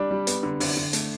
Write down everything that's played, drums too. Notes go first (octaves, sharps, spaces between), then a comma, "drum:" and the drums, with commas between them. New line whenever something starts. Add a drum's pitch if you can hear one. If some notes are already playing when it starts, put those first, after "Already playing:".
Already playing: G3 D4
G3
B3, drum: hi-hat
D3
D3, drum: open hi-hat
D3
A3, drum: hi-hat